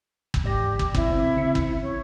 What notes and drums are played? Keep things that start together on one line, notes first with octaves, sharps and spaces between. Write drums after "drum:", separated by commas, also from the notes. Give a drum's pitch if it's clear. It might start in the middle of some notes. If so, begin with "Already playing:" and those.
drum: kick
G#2 G4 D5 A#6
drum: kick
C4 E4, drum: kick
C3 C4
C#3 C4 C#7
drum: kick
C#5